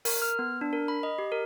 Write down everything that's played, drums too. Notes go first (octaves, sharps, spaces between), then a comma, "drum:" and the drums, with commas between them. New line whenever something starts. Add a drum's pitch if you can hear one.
A#4, drum: open hi-hat
F6
B3
D4
A#4
B5
D#5
G4
A#4